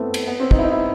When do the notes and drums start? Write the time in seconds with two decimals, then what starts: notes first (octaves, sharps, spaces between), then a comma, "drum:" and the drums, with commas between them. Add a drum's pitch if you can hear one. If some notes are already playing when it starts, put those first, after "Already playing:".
Already playing: A3 B3 C4 E4
0.14 drum: cymbal
0.28 B3
0.40 C4
0.51 D#4, drum: kick
0.58 E4
0.63 D#4
0.71 E4